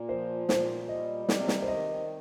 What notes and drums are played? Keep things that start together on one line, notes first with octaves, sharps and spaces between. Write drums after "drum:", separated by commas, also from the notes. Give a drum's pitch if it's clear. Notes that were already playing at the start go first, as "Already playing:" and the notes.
Already playing: A#2
F3 C5
A#2 C5, drum: snare
G3 D#5
C3, drum: snare
drum: snare
C5
D#3 D#5